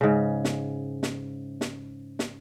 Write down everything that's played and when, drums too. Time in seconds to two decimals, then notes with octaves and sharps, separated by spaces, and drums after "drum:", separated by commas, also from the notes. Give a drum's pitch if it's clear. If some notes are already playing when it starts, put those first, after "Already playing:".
0.01 G#2 C#3
0.45 drum: snare
1.03 drum: snare
1.61 drum: snare
2.19 drum: snare